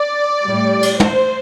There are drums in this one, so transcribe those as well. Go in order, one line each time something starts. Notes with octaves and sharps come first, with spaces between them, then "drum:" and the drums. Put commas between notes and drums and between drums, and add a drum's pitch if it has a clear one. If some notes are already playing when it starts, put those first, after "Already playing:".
Already playing: D5
A2 G3
drum: cymbal
C5, drum: tom